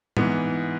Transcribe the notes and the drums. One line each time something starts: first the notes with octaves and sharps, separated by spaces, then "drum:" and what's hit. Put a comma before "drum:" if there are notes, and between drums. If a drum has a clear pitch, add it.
G#2 E3 B3, drum: tom